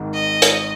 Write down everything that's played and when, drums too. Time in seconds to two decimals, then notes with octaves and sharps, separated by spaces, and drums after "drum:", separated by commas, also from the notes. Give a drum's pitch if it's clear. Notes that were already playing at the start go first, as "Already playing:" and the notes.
Already playing: G#1 G#2 D#3
0.14 D#5
0.42 drum: hi-hat